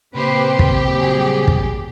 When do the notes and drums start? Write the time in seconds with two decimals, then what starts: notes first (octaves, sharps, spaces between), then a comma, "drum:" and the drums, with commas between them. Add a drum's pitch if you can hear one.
0.15 A#2 C#3 A#3 C4 G4 B4 C5
0.59 drum: kick
0.93 F#3 G3 G#4
1.48 drum: kick